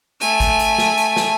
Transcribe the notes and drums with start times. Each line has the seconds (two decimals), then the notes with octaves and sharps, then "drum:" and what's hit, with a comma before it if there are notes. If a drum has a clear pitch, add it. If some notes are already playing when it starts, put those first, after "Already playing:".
0.21 A3 G#5, drum: hi-hat
0.40 drum: kick G#1, hi-hat
0.59 drum: hi-hat
0.78 drum: snare
0.97 drum: hi-hat
1.17 drum: snare